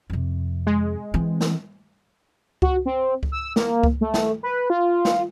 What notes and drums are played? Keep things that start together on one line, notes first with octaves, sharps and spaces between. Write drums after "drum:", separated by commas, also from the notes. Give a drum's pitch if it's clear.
F2 C3
G#3
E3 C4
drum: snare
F#4, drum: kick C#2
C4
drum: kick C#2
E6
A#3, drum: snare
drum: kick C#2
A3
drum: snare
B4
F4
drum: snare